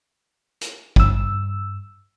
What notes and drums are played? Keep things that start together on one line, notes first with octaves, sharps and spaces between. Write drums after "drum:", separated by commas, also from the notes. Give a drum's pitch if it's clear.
drum: hi-hat
G2 E6, drum: kick